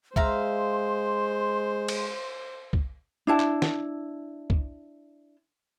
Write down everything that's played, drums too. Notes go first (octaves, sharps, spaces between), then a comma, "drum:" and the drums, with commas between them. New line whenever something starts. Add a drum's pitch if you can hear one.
G#3 C5 E5 F5 A#5 C6, drum: kick
drum: cymbal
drum: kick
D4 E4 A5
drum: clap
drum: snare
drum: kick